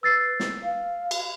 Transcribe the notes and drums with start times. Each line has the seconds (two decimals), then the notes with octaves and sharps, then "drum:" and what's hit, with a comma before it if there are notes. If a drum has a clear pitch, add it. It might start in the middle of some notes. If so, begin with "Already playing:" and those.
0.03 B4 E6 A6 C7
0.40 drum: snare
0.63 F5
1.11 drum: cymbal